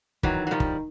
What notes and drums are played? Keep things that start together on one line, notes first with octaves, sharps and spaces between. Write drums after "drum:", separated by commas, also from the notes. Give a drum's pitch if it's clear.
D#3 E3 F#3, drum: kick
F#3
D#3 F3 G3
drum: kick